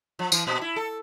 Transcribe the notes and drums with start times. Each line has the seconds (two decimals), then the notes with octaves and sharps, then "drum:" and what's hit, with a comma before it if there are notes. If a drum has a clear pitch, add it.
0.19 F3
0.32 E3, drum: tambourine
0.47 A#2
0.61 E4
0.76 A4